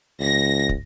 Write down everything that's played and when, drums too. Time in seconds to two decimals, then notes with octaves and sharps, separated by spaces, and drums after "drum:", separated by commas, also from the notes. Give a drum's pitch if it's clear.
0.19 C#2 A#6
0.69 drum: kick